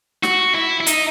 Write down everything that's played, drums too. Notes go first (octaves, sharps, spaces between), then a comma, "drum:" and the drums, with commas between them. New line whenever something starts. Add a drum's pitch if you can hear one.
F#4, drum: snare
E4
E4
D#4, drum: hi-hat